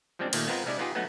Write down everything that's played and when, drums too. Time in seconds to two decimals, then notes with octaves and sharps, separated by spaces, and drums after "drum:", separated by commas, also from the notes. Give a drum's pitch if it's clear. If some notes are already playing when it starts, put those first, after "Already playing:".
0.19 F3 G3 G#3 C4 D4
0.33 A#2 D#3 G3 A3 A#3, drum: cymbal
0.47 G#3 B3 C4 F4 A#4 D#5
0.65 C2 G3 G#3 D4 E4 D5
0.79 B3 D#4 F4 G4 G#4
0.95 F#3 A3 B3 D#4